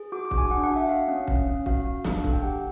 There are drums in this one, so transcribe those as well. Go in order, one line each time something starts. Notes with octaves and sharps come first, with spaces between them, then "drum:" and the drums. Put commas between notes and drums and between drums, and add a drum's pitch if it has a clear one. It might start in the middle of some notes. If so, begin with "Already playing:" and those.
Already playing: G#4
F#4 D6
D6
D4, drum: kick
G#5
D4 F#5
F#5
F#4
E5
F#4 F5
C#4
C#4, drum: kick
C#4
F#4 F5, drum: kick
F#4
D4, drum: snare
A4, drum: kick
G5
G4 F#5